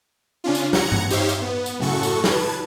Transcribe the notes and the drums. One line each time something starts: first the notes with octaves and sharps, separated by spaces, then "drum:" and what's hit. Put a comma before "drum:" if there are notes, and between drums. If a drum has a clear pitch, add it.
C#3 C#4 D4 F4
drum: tambourine
F#5 A#5 G#6 C#7, drum: snare
drum: tom G2
D#4 G4 C5 C#5 E5 F5, drum: tambourine
drum: tambourine
B3
drum: tambourine
F#2 A2 C#3 F#4 A4 C#6
drum: tambourine
B4 A5 G#6, drum: snare